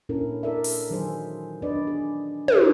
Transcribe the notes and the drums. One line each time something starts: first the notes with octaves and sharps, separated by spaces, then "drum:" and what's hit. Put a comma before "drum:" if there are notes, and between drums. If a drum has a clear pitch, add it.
A#2 C#4 D4 E4 A4 A#4
E4 A4 A#4 D5 E5
drum: open hi-hat
D#3 E3 F#3 D#4 G#4 C5
D4 B4 D5 D#5
G#4
drum: tom